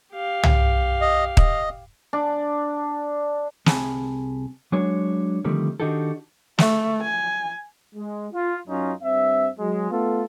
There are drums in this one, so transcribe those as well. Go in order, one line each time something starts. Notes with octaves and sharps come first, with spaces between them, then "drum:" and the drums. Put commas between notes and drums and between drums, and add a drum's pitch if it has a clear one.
G4 F5
drum: tom C2
D#5
D#5, drum: kick D#1
D4
C2 C4 G#4 G#5 A5 B5, drum: snare
F#3 G#3 D4 F#4 C#5
D3 D#3 F3 G3 A3 C4
D#3 D4 D#4 F#4 G4 A4
A3, drum: snare
G#5
G#3
F4
F#2 F#3 C#4 D#4 F4
G2 C4 E5
F#3 G#3
A3 B3 F4 A4